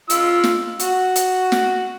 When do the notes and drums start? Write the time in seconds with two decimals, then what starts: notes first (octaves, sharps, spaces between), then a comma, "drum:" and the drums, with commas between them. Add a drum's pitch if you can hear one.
0.10 F4 E6, drum: hi-hat
0.44 drum: snare
0.80 F#4, drum: hi-hat
1.16 drum: hi-hat
1.52 drum: snare